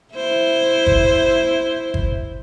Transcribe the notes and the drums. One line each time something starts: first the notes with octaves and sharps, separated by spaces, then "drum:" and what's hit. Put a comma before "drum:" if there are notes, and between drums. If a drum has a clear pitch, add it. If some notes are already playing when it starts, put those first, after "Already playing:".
E4 C5
drum: kick G1
drum: kick G1